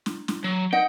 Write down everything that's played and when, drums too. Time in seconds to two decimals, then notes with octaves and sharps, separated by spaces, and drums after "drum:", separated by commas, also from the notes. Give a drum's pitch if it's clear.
0.06 drum: snare
0.28 drum: snare
0.44 F#3
0.73 D#4 D#5 F#5 G5